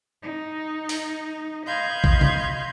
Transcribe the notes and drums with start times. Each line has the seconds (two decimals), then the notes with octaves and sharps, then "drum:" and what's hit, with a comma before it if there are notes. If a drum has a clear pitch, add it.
0.21 D#4
0.89 drum: open hi-hat
1.66 D#5 F5 B5 C6 G6 G#6
2.04 drum: kick A#1
2.21 drum: tom C3